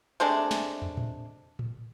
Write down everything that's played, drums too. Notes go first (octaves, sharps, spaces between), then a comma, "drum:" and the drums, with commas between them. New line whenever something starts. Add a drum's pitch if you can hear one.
C3 G#3 A3 D4
drum: snare
drum: tom
drum: tom A2
drum: tom A2